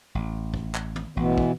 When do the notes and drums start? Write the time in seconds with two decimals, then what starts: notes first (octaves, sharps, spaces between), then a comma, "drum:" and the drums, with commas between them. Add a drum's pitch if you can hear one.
0.15 A1
0.54 drum: kick
0.75 drum: clap
0.96 drum: tom
1.17 A1 B2 E3 B3
1.38 drum: kick